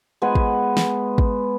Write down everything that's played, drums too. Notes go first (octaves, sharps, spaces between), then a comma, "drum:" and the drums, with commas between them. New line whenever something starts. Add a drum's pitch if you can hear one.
G#3 B3 B4 G#5
drum: kick
drum: snare
drum: kick